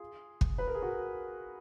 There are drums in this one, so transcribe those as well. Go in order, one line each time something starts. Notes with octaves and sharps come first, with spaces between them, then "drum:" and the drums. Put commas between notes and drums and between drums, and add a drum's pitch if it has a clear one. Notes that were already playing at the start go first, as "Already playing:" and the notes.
Already playing: F4 G#4
drum: kick
B4
A#4
G#4
F#4 A#4